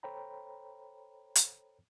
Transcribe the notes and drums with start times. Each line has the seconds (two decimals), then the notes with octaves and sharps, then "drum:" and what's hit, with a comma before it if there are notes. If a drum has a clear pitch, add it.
0.03 A4 C5 C#5 G5 A#5 B5
1.35 drum: hi-hat